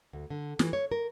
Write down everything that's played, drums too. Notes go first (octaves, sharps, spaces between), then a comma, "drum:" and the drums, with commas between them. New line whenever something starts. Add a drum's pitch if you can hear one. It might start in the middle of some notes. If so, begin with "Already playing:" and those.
D2
D3
E3, drum: snare
C#5
A#4